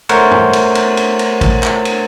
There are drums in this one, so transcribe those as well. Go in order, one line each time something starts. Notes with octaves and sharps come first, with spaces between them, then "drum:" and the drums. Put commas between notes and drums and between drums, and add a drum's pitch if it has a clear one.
A3 A#4 C5 C#5 F#5, drum: cymbal
drum: tom
drum: cymbal
drum: cymbal
drum: cymbal
drum: cymbal
drum: kick, cymbal
drum: clap
drum: cymbal